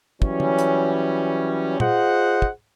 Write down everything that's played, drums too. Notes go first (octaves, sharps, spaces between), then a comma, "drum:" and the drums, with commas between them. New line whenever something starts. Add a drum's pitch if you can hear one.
E3 F#3 G3 C#4, drum: kick
drum: tom
drum: hi-hat
F4 G#4 C5 D#5 F#5, drum: tom A#2
drum: kick